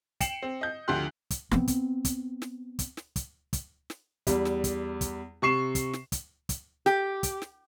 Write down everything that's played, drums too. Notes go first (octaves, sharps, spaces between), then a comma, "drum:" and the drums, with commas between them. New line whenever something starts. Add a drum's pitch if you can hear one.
G5 C7 C#7 E7 F#7, drum: kick, hi-hat
C4
D#5 G6
D2 D3 F3 G4 C6 F#6
drum: kick, hi-hat
B3 C4, drum: snare
drum: kick, hi-hat
drum: kick, hi-hat
drum: snare
drum: kick, hi-hat
drum: snare
drum: kick, hi-hat
drum: kick, hi-hat
drum: snare
E2 G3, drum: kick, hi-hat
drum: snare
drum: kick, hi-hat
drum: kick, hi-hat
C3 C#6 C7 E7
drum: kick, hi-hat
drum: snare
drum: kick, hi-hat
drum: kick, hi-hat
G4, drum: snare
drum: kick, hi-hat
drum: snare